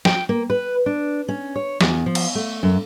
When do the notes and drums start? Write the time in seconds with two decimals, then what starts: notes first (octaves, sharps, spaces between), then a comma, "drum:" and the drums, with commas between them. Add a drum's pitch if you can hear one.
0.05 G5, drum: snare
0.29 A#3
0.50 B4
0.86 D4
1.28 C#4
1.56 C#5
1.81 E2, drum: snare
2.06 F3
2.15 drum: cymbal
2.35 A3
2.63 F#2